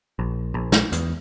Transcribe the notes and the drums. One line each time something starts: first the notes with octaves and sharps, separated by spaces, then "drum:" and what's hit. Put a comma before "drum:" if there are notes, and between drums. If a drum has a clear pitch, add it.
A#1
A#1
drum: snare
E2, drum: hi-hat